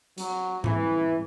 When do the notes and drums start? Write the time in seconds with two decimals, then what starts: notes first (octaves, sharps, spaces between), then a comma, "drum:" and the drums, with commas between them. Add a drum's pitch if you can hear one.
0.18 F#3, drum: hi-hat
0.64 E3, drum: tom G#2